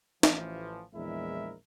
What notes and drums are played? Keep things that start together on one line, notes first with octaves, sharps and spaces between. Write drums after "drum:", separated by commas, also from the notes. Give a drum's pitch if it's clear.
A1 E3 F3, drum: snare
A#1 E2 G#3 E4 A#4 E5